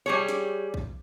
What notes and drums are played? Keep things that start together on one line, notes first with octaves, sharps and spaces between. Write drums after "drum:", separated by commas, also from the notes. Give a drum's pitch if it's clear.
G3 G#4 C#5
drum: snare
drum: kick A#1